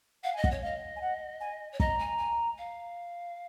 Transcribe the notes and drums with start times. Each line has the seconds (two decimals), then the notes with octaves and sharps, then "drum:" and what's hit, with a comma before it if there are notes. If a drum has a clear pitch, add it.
0.23 F5 F#5
0.33 D#5 G#5
0.44 F#5, drum: kick
0.51 C#5
0.62 D#5 F5
0.96 G#5
1.02 F#5
1.41 G#5
1.73 C#5
1.80 D#5 A#5, drum: kick
1.99 G#5
2.18 G#5
2.58 F5